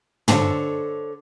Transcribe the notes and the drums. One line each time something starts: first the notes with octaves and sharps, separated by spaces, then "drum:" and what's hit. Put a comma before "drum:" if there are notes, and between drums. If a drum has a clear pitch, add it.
D3 A4 C5 C#5, drum: tom